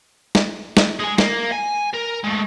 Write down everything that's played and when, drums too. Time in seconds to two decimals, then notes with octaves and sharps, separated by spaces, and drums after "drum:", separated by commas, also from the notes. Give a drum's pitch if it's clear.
0.35 drum: snare
0.77 drum: snare
1.00 G#3 G#4
1.18 A#3, drum: snare
1.52 G#5
1.93 A#4
2.24 G#3 A3